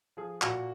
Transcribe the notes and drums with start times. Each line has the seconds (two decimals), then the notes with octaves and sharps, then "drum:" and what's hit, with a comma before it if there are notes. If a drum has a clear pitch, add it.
0.17 F3 G#4
0.42 A#2 F#4, drum: clap